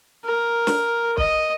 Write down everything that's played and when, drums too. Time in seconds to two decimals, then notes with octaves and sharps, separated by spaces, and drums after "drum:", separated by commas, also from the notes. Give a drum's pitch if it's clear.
0.25 A#4
0.67 drum: snare
1.17 D#5, drum: kick